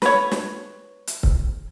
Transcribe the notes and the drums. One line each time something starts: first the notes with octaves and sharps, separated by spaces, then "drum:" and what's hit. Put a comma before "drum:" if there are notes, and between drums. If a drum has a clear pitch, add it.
B4 C#5, drum: snare
drum: snare
drum: hi-hat
drum: kick C#1